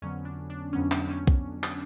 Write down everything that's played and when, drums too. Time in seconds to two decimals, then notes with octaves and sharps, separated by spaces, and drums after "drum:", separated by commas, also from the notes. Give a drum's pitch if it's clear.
0.02 F2 D3 F#3 B3 C#4
0.25 D4
0.50 D4
0.73 F2 D3 F#3 B3 C#4
0.92 drum: clap
1.10 C#4
1.27 drum: kick B1
1.63 drum: clap